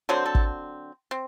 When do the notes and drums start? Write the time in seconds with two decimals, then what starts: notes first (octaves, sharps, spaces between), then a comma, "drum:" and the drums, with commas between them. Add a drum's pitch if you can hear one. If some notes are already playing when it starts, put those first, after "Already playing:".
0.09 D3 F#3 C4 C5
0.26 A4
0.35 drum: kick
1.11 C4